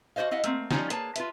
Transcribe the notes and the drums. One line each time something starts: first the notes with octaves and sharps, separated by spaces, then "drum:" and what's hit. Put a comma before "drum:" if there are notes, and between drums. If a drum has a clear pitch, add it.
F#4 G4 C5 D#5 F5
E4 D#5 F5 F#5
A3 A#3 C4, drum: hi-hat
F3 G3 C4 C#4 D#4 F4, drum: snare
A#3 G#4 B4 C#5 A5, drum: hi-hat
F4 B4 E5, drum: hi-hat